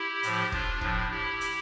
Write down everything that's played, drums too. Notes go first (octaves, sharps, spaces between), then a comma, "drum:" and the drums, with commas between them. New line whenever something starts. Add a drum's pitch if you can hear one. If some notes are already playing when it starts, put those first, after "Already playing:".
Already playing: E4 G4
A2 F3, drum: hi-hat
D4 F4, drum: kick
A2 F3 D4, drum: kick
E4 G4
drum: hi-hat